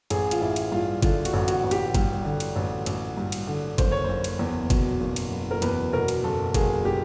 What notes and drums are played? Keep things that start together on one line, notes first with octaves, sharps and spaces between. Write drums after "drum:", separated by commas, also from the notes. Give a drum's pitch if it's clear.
A1 G#4, drum: cymbal
F4, drum: cymbal
A1 E4
drum: cymbal
G2 F4
D3 F4, drum: kick G1, cymbal
F#4, drum: cymbal
A1
F#4, drum: cymbal
A1
G4, drum: cymbal
G2, drum: kick G1, cymbal
D3
drum: cymbal
A1
A1, drum: cymbal
G2
drum: cymbal
D3
F#1 C5, drum: kick G1, cymbal
C#5
F#1 C5
drum: cymbal
E2
B2, drum: kick G1, cymbal
F#1
drum: cymbal
F#1
A#4
E2 B4, drum: cymbal
B2 A#4
drum: cymbal
F#1 A4
F#1 G#4, drum: kick G1, cymbal
G4